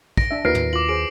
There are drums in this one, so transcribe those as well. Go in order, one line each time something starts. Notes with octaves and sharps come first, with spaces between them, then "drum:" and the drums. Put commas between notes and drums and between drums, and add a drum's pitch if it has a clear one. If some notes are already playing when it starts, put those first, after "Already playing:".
A#6 D7, drum: kick
D4 E5
D#2 E4 F#4 A#4 B4 A#6 C7 D7
drum: tom
F4 D6 F#7
G#4 C5 D7